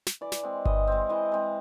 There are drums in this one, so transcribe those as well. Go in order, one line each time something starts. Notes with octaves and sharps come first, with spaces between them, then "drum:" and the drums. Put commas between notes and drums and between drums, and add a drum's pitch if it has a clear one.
drum: snare
E3 D5
drum: snare
G#3 C4
E3 D#5, drum: kick G1
G#3 C4
E3 D#5
G#3 C4